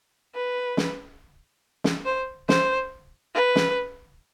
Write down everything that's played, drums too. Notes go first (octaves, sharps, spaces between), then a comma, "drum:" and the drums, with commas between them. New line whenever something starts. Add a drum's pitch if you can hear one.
B4
drum: snare
drum: snare
C5
C5, drum: snare
B4
drum: snare